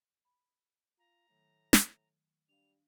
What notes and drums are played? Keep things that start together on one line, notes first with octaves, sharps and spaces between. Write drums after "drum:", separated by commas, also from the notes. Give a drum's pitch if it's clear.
B5
F4 A#5
A2 D#3 F#3 A3
drum: snare
G3 D4 F5 F7